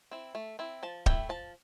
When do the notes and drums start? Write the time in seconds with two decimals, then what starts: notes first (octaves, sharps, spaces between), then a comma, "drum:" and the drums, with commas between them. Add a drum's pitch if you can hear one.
0.11 C4 E4
0.35 A3
0.59 C4 E4
0.83 F3 A5
1.06 A3 E4 G5, drum: kick
1.29 F3 A5